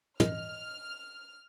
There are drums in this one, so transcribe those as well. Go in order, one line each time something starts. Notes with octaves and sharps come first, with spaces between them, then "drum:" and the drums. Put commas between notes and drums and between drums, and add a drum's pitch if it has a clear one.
D#5 F6, drum: tom